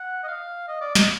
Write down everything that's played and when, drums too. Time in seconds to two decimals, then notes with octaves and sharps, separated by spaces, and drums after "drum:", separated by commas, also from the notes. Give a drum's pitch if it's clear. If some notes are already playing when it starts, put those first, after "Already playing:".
Already playing: F#5
0.23 D#5
0.28 F5
0.68 D#5
0.81 D5
0.95 D#5, drum: snare